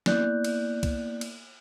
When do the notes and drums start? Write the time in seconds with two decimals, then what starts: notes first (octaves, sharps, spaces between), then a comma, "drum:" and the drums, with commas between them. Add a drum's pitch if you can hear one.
0.06 A#3 B3 E4 D5 F#6 G6, drum: snare
0.44 drum: cymbal
0.83 drum: kick C2, cymbal
1.21 drum: cymbal